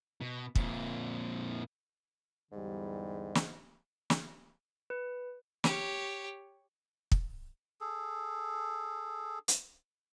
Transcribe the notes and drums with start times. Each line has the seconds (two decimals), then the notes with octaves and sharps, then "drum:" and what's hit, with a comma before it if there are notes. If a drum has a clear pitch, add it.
0.21 B2
0.55 F2 A#2, drum: kick
2.52 E2 G#2 D3 G3
3.35 drum: snare
4.10 drum: snare
4.90 B4
5.64 G4 C#5, drum: snare
7.12 drum: kick
7.81 G#4 A4
9.48 drum: hi-hat